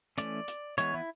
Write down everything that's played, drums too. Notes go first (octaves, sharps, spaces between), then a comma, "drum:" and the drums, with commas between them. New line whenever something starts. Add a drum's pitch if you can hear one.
E3 A3 C#4 D5, drum: hi-hat
drum: hi-hat
E3 G#3 B3 C#5, drum: hi-hat
E4